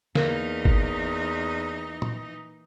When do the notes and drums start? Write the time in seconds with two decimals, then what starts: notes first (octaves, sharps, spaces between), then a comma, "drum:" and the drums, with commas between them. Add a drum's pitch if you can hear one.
0.15 E2 E3 A#3 D#4, drum: snare
0.65 drum: kick
2.02 drum: tom A#2